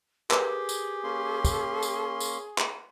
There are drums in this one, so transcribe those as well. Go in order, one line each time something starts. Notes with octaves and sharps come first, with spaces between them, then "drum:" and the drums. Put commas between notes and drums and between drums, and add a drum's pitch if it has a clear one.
G4 G#4 A#4 B4 D6, drum: clap
drum: tambourine
A#3 C#4 C6
drum: kick, tambourine
drum: tambourine
drum: tambourine
drum: clap